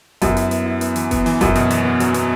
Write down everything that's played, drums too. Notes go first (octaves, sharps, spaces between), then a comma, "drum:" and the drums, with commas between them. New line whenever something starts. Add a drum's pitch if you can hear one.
F#2 B3, drum: kick F#1, hi-hat
E4, drum: hi-hat
B3, drum: hi-hat
E4
B3, drum: hi-hat
E3, drum: hi-hat
B3, drum: kick F#1, hi-hat
E3, drum: open hi-hat
F#2 B3, drum: kick F#1, hi-hat
B2, drum: hi-hat
E2, drum: hi-hat
B3
F#3, drum: hi-hat
B3, drum: hi-hat